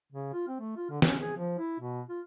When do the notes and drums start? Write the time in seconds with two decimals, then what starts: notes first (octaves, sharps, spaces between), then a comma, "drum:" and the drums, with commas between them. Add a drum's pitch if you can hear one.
0.12 C#3
0.34 F4
0.48 C4
0.60 A3
0.77 F4
0.90 D3
1.02 C#4, drum: snare
1.20 G#4
1.37 F3
1.59 E4
1.80 B2
2.09 F4